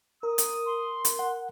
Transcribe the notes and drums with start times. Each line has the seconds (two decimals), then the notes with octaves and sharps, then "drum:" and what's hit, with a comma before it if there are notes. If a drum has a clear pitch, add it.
0.23 A#4 D#6
0.38 drum: hi-hat
0.66 C6
1.05 drum: hi-hat
1.19 F#5